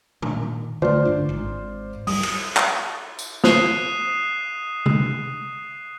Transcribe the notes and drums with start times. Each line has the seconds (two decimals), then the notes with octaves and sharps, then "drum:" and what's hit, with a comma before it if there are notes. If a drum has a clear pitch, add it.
0.22 A#2 D#3, drum: tom
0.82 D3 A3 F4 C5 D5
1.05 G2 D3 D4
1.29 G#1 G#2
2.07 G3 D#6, drum: open hi-hat
2.23 drum: cymbal
2.57 drum: clap
3.19 drum: tambourine
3.44 D#6 F#6 C7 D#7 E7, drum: snare
4.86 drum: tom C3